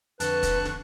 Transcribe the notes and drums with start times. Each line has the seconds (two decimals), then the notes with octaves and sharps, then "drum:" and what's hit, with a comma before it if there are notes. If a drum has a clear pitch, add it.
0.20 F2 D3 B4 A5 C#6 F#6, drum: hi-hat
0.43 drum: kick, hi-hat
0.65 drum: snare